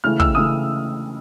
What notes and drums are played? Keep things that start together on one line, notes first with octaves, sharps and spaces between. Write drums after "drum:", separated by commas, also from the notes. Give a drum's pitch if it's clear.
C#3 E3 A3 F6
E6, drum: kick
C#3 E3 A3 D#6